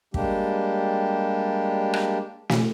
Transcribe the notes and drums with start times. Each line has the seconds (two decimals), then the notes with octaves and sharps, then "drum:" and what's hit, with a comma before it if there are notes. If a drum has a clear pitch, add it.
0.14 G3 G#3 A#3 D4 G4, drum: kick
1.94 drum: rim click
2.49 drum: snare